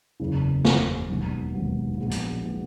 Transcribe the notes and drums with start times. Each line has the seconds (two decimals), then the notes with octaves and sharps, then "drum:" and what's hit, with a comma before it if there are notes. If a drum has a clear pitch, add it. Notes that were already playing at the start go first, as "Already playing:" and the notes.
0.20 F#1 E2 C#3
0.65 F#1 E2 C#3, drum: snare
1.09 E1 D#2 D#3 F#3 B3
1.54 E1 D#2 D#3 F#3 B3
1.98 A#1 A#2 G#3 B3 F#4
2.11 drum: hi-hat
2.44 A#2 G#3 B3 F#4